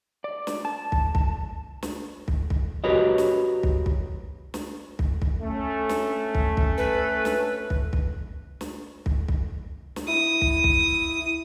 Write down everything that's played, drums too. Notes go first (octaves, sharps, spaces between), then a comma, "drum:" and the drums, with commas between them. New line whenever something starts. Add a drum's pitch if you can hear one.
D5
drum: snare
A5
drum: kick
drum: kick
drum: snare
drum: kick
drum: kick
F#4 G4 A#4 B4 C#5 D#5
drum: snare
drum: kick
drum: kick
drum: snare
drum: kick
drum: kick
A3 C#4
drum: snare
drum: kick
drum: kick
B4
drum: snare
drum: kick
drum: kick
drum: snare
drum: kick
drum: kick
drum: snare
E4 D#6
drum: kick
drum: kick